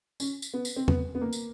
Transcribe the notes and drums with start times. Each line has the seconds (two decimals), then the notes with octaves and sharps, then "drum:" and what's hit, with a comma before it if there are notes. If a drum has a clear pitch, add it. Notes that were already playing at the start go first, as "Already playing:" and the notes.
0.20 C#4, drum: tambourine
0.42 drum: tambourine
0.54 B3
0.65 drum: tambourine
0.76 C4
0.88 B3, drum: tom E2
1.15 B3
1.21 A#3
1.33 drum: tambourine